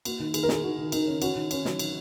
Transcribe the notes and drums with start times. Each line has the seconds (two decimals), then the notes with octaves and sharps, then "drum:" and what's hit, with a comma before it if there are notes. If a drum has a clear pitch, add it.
0.05 A#3 F#4, drum: cymbal
0.20 D#3
0.34 D#3 G#4, drum: cymbal
0.43 A#4
0.49 D#3 G#4, drum: snare
0.63 D#3 F#4
0.78 D#3
0.92 D#3 D#4, drum: cymbal
1.07 C#4
1.22 C#4 F#4, drum: cymbal
1.36 D#3
1.51 C#4, drum: cymbal
1.65 F#3, drum: snare
1.79 D#3, drum: cymbal